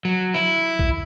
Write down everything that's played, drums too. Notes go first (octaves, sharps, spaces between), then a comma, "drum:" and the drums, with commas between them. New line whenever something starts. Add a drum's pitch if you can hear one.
F#3
E4
drum: kick A#1